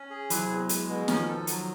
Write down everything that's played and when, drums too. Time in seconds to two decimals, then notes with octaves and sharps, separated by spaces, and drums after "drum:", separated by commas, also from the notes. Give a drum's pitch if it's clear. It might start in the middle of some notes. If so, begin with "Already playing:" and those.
Already playing: C#4
0.10 G#4
0.30 C3 E3 F#3, drum: hi-hat
0.50 E2
0.69 G#3, drum: hi-hat
0.89 B2
1.08 D#3 F3 C#4, drum: snare
1.28 A4
1.47 F#3, drum: hi-hat